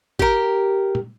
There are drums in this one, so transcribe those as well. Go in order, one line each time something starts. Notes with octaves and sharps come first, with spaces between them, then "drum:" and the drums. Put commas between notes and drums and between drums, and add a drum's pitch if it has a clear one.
G4 A#4, drum: kick
drum: tom